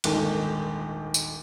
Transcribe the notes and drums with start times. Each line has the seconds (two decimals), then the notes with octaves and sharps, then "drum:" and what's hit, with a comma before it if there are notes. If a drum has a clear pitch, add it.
0.04 D#1 G#1 D3 D#3, drum: cymbal
1.14 drum: tambourine